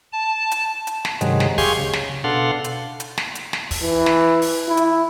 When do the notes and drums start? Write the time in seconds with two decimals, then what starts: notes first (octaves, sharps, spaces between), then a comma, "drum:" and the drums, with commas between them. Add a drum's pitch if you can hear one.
0.13 A5
0.51 drum: hi-hat
0.87 drum: hi-hat
1.05 drum: snare
1.21 G2 C3 D#3 F#3 G#3, drum: hi-hat
1.40 drum: snare
1.58 G4 G#4 F5 G#5 C6 C#6, drum: kick, open hi-hat
1.79 C#3
1.93 drum: snare
2.24 B2 D4 A4 F5 F#5 C6
2.64 drum: hi-hat
3.00 drum: hi-hat
3.18 drum: snare
3.35 drum: hi-hat
3.53 drum: snare
3.71 drum: kick, open hi-hat
3.83 E3
4.06 drum: snare
4.42 drum: open hi-hat
4.68 E4
4.77 drum: hi-hat